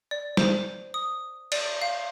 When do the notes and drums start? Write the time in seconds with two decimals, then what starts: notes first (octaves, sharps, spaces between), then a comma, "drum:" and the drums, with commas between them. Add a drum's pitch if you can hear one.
0.11 D5
0.37 C5, drum: snare
0.94 D#6
1.52 D5, drum: cymbal
1.82 F5